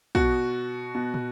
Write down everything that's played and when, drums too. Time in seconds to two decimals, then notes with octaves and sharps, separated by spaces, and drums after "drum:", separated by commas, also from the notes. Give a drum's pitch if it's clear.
0.15 B2 F#4, drum: kick
0.95 B2
1.14 drum: tom